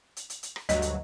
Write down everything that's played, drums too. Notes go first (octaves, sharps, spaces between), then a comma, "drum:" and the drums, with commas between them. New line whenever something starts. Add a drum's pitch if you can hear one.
drum: hi-hat
drum: hi-hat
drum: hi-hat
drum: rim click
D2 G2 F#3 D#5, drum: hi-hat
drum: hi-hat